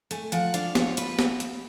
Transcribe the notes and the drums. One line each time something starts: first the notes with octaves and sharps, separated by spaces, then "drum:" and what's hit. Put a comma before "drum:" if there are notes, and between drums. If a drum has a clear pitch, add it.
A3 G#5, drum: hi-hat
F3 F#5, drum: hi-hat
D4 F5, drum: hi-hat
F3 C#5, drum: snare
F3 B4, drum: hi-hat
drum: snare
drum: hi-hat